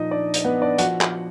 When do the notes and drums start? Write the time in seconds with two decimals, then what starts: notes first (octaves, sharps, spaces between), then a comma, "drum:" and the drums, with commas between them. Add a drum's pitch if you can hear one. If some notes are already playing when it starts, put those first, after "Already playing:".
Already playing: A#2 F3 D#4 D#5
0.11 D4 D5
0.34 drum: hi-hat
0.45 B3 B4
0.62 D4 D5
0.78 F3 F#4 F#5, drum: hi-hat
1.01 drum: clap